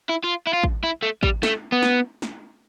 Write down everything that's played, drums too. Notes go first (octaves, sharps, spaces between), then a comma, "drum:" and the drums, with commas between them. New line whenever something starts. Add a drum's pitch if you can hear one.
E4
F4
E4
F4
drum: kick
E4
A3
G3, drum: kick
A3, drum: snare
B3
drum: snare
drum: snare